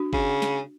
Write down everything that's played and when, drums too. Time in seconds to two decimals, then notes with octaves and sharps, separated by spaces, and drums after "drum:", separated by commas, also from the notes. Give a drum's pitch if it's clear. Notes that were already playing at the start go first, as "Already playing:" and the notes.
Already playing: D4 F#4
0.13 C#3, drum: kick G1
0.42 drum: snare